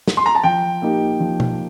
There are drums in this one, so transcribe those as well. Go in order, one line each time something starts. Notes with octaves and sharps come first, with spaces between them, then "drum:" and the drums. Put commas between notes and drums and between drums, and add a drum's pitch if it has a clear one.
drum: snare
C6
A#5
A5
F3 G5
A#3 D#4 G4
F3
drum: tom B2